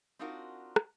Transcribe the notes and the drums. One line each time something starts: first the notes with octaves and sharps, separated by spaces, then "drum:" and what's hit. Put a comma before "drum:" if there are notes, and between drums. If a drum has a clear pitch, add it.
C4 D4 D#4 F4 F#4 A#4
drum: rim click